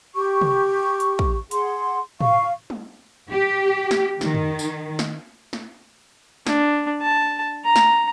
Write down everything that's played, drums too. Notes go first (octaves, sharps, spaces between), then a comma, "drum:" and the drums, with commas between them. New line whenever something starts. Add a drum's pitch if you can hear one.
G4 C#6
drum: tom
drum: hi-hat
drum: kick
G#4 F#5 C6, drum: hi-hat
F5 C#6, drum: tom
drum: tom
G4
drum: snare
D#3, drum: snare
drum: tom
drum: tambourine
drum: snare
drum: snare
D4, drum: snare
A5
A#5
drum: snare